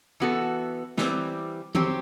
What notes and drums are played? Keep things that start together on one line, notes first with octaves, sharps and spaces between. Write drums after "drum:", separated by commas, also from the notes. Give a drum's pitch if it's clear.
E3 B3 F#4 A4
E3 G3 C4, drum: snare
F#3 C4 G4, drum: tom